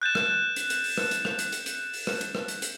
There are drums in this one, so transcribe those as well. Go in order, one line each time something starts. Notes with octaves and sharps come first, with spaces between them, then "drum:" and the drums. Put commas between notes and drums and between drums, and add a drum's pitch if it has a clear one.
F#6 G6 A6 E7
drum: rim click
drum: hi-hat
drum: hi-hat
drum: open hi-hat
drum: rim click
drum: hi-hat
drum: rim click
drum: hi-hat
drum: hi-hat
drum: hi-hat
drum: open hi-hat
drum: rim click
drum: hi-hat
drum: rim click
drum: hi-hat
drum: hi-hat